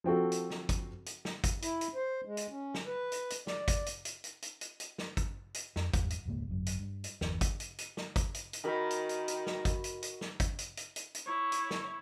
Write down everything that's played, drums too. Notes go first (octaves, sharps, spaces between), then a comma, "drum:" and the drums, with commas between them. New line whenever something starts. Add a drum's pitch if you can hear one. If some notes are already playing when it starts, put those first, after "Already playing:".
F3 C4 F#4 A4
drum: hi-hat
drum: snare
drum: kick, hi-hat
drum: hi-hat
drum: snare
drum: kick, hi-hat
E4, drum: hi-hat
drum: hi-hat
C5
G#3
drum: hi-hat
C#4
drum: snare
B4
drum: hi-hat
drum: hi-hat
D5, drum: snare
drum: kick, hi-hat
drum: hi-hat
drum: hi-hat
drum: hi-hat
drum: hi-hat
drum: hi-hat
drum: hi-hat
drum: snare
drum: kick, hi-hat
drum: hi-hat
F2, drum: snare
E2 G#2 G3, drum: kick, hi-hat
drum: hi-hat
E1 C#2 G#2 A#3
G#1 F#2
drum: hi-hat
G2
drum: hi-hat
G1 E2, drum: snare
drum: kick, hi-hat
drum: hi-hat
drum: hi-hat
drum: snare
drum: kick, hi-hat
drum: hi-hat
drum: hi-hat
D#3 F#4 A#4 B5
drum: hi-hat
drum: hi-hat
drum: hi-hat
drum: snare
drum: kick, hi-hat
drum: hi-hat
drum: hi-hat
drum: snare
drum: kick, hi-hat
drum: hi-hat
drum: hi-hat
drum: hi-hat
drum: hi-hat
E4 C#5
drum: hi-hat
drum: snare